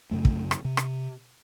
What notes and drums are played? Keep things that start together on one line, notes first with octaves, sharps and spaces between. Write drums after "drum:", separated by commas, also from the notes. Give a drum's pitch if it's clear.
F#2 C#3 A3
drum: kick
drum: rim click
C3
drum: rim click